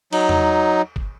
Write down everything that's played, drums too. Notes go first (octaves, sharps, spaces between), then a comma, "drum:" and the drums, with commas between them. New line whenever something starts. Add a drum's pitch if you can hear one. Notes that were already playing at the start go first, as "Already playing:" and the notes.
F#3 D#4, drum: cymbal
drum: tom E2
drum: kick